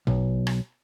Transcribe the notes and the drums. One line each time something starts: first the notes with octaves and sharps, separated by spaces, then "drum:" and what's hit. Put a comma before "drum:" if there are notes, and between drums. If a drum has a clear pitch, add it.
B1, drum: tom A#1
drum: rim click